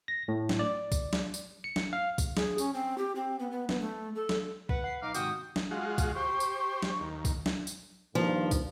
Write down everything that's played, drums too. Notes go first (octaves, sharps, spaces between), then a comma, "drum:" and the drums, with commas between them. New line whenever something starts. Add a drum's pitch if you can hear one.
A#6
A2
drum: snare
D5
drum: kick, tambourine
drum: snare
drum: tambourine
C#7
drum: snare
F5
drum: kick, tambourine
G#4, drum: snare
C#4, drum: tambourine
C4
G4
C4
B3
B3
B3, drum: snare
A3
A4
drum: snare
B4 F#5, drum: kick
F#5 C7
B1 D#4 F5 D6
G#2 C3 D#3 F#4 G5 D#6, drum: tambourine
drum: snare
G#3 F4 F#4
drum: kick, tambourine
G4 C5 C#6
drum: tambourine
drum: snare
D#2
drum: kick, tambourine
drum: snare
drum: tambourine
G2 D#3 F3 A#3
drum: kick, tambourine